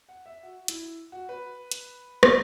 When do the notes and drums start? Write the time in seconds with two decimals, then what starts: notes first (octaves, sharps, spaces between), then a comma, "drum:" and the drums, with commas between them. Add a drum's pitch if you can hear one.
0.09 F#5
0.26 E5
0.43 F#4
0.68 E4, drum: hi-hat
1.12 F#4
1.29 B4
1.72 drum: hi-hat
2.23 drum: rim click